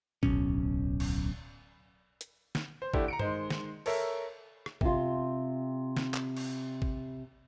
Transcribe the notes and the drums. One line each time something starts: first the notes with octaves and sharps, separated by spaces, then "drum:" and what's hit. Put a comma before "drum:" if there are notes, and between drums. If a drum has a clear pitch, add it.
D1 B1 C#4, drum: kick
drum: cymbal
drum: hi-hat
drum: snare
C5
D3 A3 D4 E4 G4, drum: kick
A#5 C#7 D7
D#3 G#3 C5, drum: tom G2
drum: snare
A4 A#4 C#5 E5, drum: cymbal
drum: rim click
C3 F4, drum: kick
drum: snare
drum: clap
drum: cymbal
drum: kick